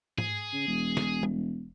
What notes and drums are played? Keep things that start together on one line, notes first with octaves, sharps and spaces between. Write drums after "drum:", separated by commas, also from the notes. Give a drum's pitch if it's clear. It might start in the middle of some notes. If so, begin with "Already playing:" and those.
G#4, drum: tom G#2
C#3
E1
drum: snare
drum: tom